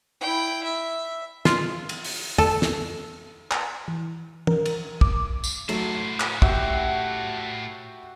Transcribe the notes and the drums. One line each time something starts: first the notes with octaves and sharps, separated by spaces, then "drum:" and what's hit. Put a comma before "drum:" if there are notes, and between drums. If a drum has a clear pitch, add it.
E4 G5
E5
F4, drum: snare
drum: cymbal
drum: open hi-hat
A4, drum: tom
drum: snare
drum: clap
E3
A#4, drum: tom
drum: cymbal
D6, drum: kick
drum: tambourine
A2 F#3 A3 C5, drum: cymbal
drum: clap
F#4 G4 E5, drum: kick